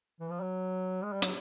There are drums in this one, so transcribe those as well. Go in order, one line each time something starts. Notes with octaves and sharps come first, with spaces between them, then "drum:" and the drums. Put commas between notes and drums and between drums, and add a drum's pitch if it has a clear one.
E3
F3
F#3
G#3
G3
F#3, drum: hi-hat